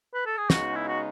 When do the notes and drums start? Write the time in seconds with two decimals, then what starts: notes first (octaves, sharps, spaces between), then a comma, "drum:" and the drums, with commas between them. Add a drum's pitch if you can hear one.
0.14 B4
0.26 A4
0.37 G#4
0.50 C#3 G#3 B3 D#4 F#4, drum: snare
0.75 E4
0.88 F#4